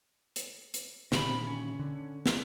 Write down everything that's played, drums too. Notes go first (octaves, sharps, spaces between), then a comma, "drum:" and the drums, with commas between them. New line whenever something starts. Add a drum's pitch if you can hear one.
drum: hi-hat
drum: hi-hat
A#2 D3 D#3 C4 B5, drum: snare
C#4
D3
drum: snare